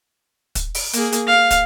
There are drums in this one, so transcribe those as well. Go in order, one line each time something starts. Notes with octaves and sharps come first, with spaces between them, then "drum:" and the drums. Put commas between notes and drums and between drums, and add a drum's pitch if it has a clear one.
drum: kick, hi-hat
drum: open hi-hat
A#3 G#4, drum: hi-hat
drum: hi-hat
F5
drum: kick, hi-hat